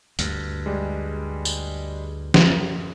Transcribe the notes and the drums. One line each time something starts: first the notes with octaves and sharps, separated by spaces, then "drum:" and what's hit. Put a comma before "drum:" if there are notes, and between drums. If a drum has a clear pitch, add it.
D2 G2, drum: hi-hat
G3 G#3
drum: tambourine
F#2 C#3, drum: snare